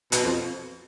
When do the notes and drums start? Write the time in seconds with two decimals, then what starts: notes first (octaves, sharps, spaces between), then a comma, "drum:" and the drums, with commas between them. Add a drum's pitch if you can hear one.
0.12 B2, drum: hi-hat
0.24 F2